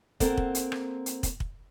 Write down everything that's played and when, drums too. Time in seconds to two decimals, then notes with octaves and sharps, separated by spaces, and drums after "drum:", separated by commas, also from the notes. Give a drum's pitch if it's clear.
0.20 A#3 C4 A4 F#5, drum: kick, hi-hat
0.37 drum: kick
0.55 drum: hi-hat
0.72 drum: rim click
1.06 drum: hi-hat
1.23 drum: kick, hi-hat
1.40 drum: kick